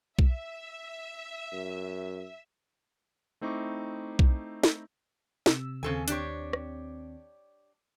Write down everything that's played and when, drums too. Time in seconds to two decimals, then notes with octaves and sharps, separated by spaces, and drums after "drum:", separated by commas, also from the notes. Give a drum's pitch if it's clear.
0.19 E5, drum: kick B1
1.53 F#2
3.41 A3 C4 D#4 E4 C#6 D6
4.19 drum: kick B1
4.63 drum: snare
5.46 C3 E6, drum: snare
5.83 D#2 C#3 C4 A4 G#5
6.08 D4 G4 C#5, drum: hi-hat
6.53 drum: rim click